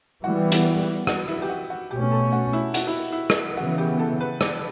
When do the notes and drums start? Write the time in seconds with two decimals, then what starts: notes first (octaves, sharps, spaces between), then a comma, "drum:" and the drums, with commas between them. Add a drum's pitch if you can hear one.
0.23 E3 G3 B3 F#4
0.52 drum: hi-hat
1.07 F#4, drum: rim click
1.28 E4
1.42 G4
1.49 F#4
1.70 F#4
1.91 B2 A3 C#4 G4
2.12 A4
2.32 F#4
2.53 E4
2.74 F#4, drum: hi-hat
2.87 E4
3.12 E4
3.30 drum: rim click
3.57 C#3 E3 B3 F#4
3.78 G4
3.99 A4
4.20 B4
4.41 D5, drum: rim click